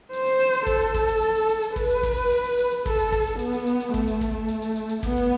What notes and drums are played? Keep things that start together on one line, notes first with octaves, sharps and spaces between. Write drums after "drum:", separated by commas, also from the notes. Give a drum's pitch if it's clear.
C5, drum: hi-hat
drum: hi-hat
drum: hi-hat
drum: hi-hat
A4, drum: kick, hi-hat
drum: hi-hat
drum: kick, hi-hat
drum: hi-hat
drum: hi-hat
drum: hi-hat
drum: hi-hat
drum: hi-hat
B4, drum: kick, hi-hat
drum: hi-hat
drum: kick, hi-hat
drum: hi-hat
drum: hi-hat
drum: hi-hat
drum: hi-hat
drum: hi-hat
A4, drum: kick, hi-hat
drum: hi-hat
drum: kick, hi-hat
drum: hi-hat
B3, drum: hi-hat
drum: hi-hat
drum: hi-hat
drum: hi-hat
A3, drum: kick, hi-hat
drum: hi-hat
drum: kick, hi-hat
drum: hi-hat
drum: hi-hat
drum: hi-hat
drum: hi-hat
B3, drum: kick, hi-hat
drum: hi-hat